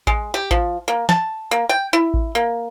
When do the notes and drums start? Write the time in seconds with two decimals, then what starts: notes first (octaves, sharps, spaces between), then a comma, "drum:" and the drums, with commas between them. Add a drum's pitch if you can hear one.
0.07 G#3, drum: kick A1
0.34 G4
0.51 F3, drum: kick A1
0.88 A#3
1.09 A5, drum: snare
1.51 A#3
1.69 G5
1.93 E4
2.14 drum: kick A1
2.35 A#3